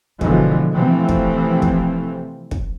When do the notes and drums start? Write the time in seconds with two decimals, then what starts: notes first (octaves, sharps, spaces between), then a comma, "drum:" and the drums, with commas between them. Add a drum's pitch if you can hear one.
0.21 B2 D3 E3 F3 G#3, drum: kick
0.73 C3 E3 F3 A3 C4
1.09 drum: kick
1.62 drum: kick
2.51 drum: kick